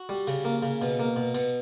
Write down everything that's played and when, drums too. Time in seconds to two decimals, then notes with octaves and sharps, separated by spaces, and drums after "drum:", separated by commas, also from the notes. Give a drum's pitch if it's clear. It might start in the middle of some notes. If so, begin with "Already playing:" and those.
Already playing: F#4
0.09 G3
0.27 C#3, drum: tambourine
0.45 A#3
0.63 C#3
0.82 B2, drum: tambourine
0.99 A#3
1.16 B2
1.35 B2, drum: tambourine